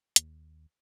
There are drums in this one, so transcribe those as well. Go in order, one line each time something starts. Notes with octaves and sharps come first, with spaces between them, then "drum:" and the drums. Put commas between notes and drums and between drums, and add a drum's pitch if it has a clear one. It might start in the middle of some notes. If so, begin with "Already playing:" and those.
D#2, drum: hi-hat